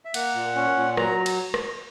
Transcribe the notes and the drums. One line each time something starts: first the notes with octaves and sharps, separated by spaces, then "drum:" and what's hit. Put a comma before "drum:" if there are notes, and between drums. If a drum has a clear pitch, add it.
E5
A#3 F#5, drum: cymbal
A#2
C#4
A#2
F#3 A#5, drum: rim click
drum: cymbal
drum: rim click